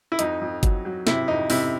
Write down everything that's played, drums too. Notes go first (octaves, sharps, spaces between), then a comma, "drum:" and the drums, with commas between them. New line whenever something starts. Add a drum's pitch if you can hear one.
E4
F2 D#4, drum: hi-hat
F2
F#3, drum: kick, hi-hat
F#3
C3 E4, drum: snare
F2 D#4
C3 E4, drum: open hi-hat